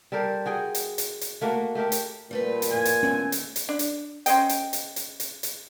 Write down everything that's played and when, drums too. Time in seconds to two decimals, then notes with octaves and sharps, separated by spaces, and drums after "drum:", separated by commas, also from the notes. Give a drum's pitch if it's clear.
0.12 G3 A4 A#4 C5
0.46 F#4 G#4 G5
0.75 drum: hi-hat
0.98 drum: hi-hat
1.21 drum: hi-hat
1.41 A3 A#3 F#4
1.75 A3 G4 A#4 E5
1.92 drum: hi-hat
2.31 A#2 G3 A3 B4
2.62 drum: hi-hat
2.71 F2 A2 A#3 G#5
2.85 drum: hi-hat
3.03 D#2 A3 B3 C#4
3.32 drum: hi-hat
3.56 drum: hi-hat
3.69 D4
3.79 drum: hi-hat
4.26 C#4 C5 D#5 G5, drum: hi-hat
4.49 drum: hi-hat
4.73 drum: hi-hat
4.96 drum: hi-hat
5.20 drum: hi-hat
5.43 drum: hi-hat